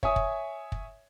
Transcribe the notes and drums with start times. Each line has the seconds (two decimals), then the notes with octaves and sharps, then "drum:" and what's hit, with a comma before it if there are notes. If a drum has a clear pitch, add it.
0.03 C#5 E5 G#5 D#6, drum: kick
0.16 drum: kick
0.72 drum: kick